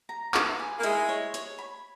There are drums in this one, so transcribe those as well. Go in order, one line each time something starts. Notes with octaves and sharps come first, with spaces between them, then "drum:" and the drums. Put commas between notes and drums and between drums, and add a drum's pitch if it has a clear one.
A#5
B4, drum: clap
G#5
A#3
G#3 E4, drum: hi-hat
C#5
C#5, drum: hi-hat
B5